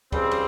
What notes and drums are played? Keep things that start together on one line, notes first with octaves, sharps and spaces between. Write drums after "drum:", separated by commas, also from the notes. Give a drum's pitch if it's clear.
C#2 C#3 G3 C4, drum: kick C#2, cymbal
drum: cymbal